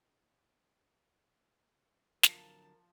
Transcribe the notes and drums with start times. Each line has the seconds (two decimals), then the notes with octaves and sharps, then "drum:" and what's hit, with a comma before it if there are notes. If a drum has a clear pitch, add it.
2.23 D3 F3 F#3 A#4 A5, drum: snare